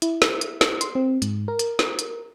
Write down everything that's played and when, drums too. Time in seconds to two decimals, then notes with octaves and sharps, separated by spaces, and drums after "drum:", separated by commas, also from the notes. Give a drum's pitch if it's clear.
0.02 E4, drum: hi-hat
0.22 drum: snare
0.41 drum: hi-hat
0.61 drum: snare
0.81 C6, drum: hi-hat
0.95 C4
1.22 G#2, drum: hi-hat
1.48 A#4
1.59 drum: hi-hat
1.79 drum: snare
1.99 drum: hi-hat